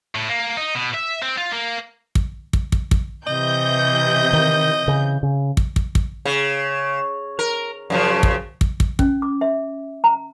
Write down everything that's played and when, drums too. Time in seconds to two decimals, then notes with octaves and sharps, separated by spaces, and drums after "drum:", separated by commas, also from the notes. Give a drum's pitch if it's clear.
0.15 A2
0.29 A#3
0.57 D#4
0.75 B2
0.94 E5
1.22 C4
1.38 F4
1.53 A#3
2.15 drum: kick
2.53 drum: kick
2.72 drum: kick
2.91 drum: kick
3.27 C3 E3 D#5 G6
4.33 D#3
4.88 C#3
5.23 C#3
5.57 drum: kick
5.76 drum: kick
5.95 drum: kick
6.25 C#3
7.39 A#4
7.90 F#2 C#3 F3
8.23 drum: kick
8.61 drum: kick
8.80 drum: kick
8.99 C#4, drum: kick
9.22 D6
9.41 E5
10.04 A#5